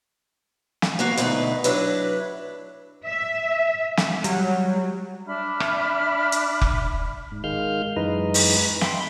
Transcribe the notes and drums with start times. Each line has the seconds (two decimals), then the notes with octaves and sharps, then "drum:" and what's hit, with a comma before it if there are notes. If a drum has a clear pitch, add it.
0.82 drum: snare
0.99 A#3 B3 F#4 F5
1.17 D2 B2 D#3 D#4 B4, drum: hi-hat
1.64 F#3 D4 E4 B4, drum: hi-hat
3.06 E5
3.97 drum: snare
4.24 F#3 G3, drum: hi-hat
5.26 D4 E5 B5 F6
5.60 drum: rim click
6.32 drum: hi-hat
6.61 drum: kick F1
7.32 G#2
7.44 D#3 G#3 F5 F6 G6
7.96 F#2 E3 G#3 D#4 B4 D#5
8.34 drum: open hi-hat
8.81 E5 G5 B5 C6, drum: snare